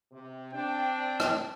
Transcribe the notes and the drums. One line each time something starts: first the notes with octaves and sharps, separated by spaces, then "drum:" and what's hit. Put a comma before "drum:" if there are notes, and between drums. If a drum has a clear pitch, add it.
C3
C4 D4 G5
drum: rim click